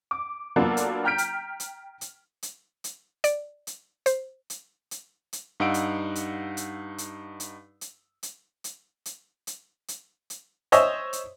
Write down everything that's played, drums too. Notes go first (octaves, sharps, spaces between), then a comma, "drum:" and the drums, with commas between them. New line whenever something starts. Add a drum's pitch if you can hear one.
D6
F#3 A#3 B3 D4 F4 A4
drum: hi-hat
G5 A#5 F6 G6 B6 D7
drum: hi-hat
drum: hi-hat
drum: hi-hat
drum: hi-hat
drum: hi-hat
D5, drum: hi-hat
drum: hi-hat
C5, drum: hi-hat
drum: hi-hat
drum: hi-hat
drum: hi-hat
G2 D#4 F5 F#5 E6 D7
drum: hi-hat
drum: hi-hat
drum: hi-hat
drum: hi-hat
drum: hi-hat
drum: hi-hat
drum: hi-hat
drum: hi-hat
drum: hi-hat
drum: hi-hat
drum: hi-hat
drum: hi-hat
C5 C#5 D#5 E5, drum: hi-hat
drum: hi-hat